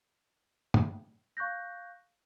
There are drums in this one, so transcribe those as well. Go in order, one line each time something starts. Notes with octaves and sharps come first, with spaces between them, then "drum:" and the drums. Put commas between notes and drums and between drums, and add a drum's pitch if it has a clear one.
drum: tom
F5 C#6 F#6 G6 A#6